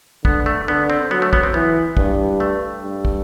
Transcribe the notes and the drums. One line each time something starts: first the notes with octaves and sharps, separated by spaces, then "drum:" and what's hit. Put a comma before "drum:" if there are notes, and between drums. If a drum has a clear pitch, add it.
D3 B3, drum: kick
A3
D3 B3
C4
F#3 B3
A3
B3, drum: kick
C4
E3 B3
G2, drum: kick
A3
G2
drum: kick